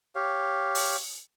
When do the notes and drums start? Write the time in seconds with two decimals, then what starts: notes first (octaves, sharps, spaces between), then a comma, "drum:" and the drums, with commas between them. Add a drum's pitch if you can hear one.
0.15 G4 C#5 F5
0.75 drum: open hi-hat